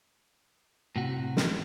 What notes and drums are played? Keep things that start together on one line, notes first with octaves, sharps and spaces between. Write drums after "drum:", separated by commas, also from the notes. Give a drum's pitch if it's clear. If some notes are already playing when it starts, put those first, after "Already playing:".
A2 C3 F#4
drum: snare